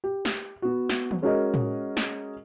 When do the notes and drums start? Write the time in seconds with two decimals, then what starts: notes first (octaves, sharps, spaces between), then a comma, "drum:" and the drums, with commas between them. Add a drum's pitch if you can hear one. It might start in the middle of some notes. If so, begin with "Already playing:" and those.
0.04 G4
0.25 drum: snare
0.62 B3 F#4
0.89 drum: snare
1.11 drum: tom
1.22 G#3 C#4 F#4 G#4 A#4 D#5
1.54 drum: tom A2
1.97 drum: snare